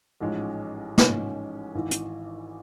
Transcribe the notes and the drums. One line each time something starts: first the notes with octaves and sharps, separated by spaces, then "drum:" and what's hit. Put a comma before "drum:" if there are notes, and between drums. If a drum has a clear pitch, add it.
A1 G#2 F3 G#3 C#4
A1 G#2 F3 G#3 C#4, drum: snare
G#1 G#2 E3
drum: hi-hat